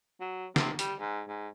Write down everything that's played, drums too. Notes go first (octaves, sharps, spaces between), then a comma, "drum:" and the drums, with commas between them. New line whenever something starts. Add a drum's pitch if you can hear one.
F#3
C3, drum: snare
G3, drum: hi-hat
G#2
G#2